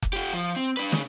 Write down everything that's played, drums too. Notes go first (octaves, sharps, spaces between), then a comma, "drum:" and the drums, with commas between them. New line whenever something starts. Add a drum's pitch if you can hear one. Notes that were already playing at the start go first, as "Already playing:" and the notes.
drum: kick F1, hi-hat
F4 G4
F3, drum: hi-hat
C4
D4 B4
C#3, drum: snare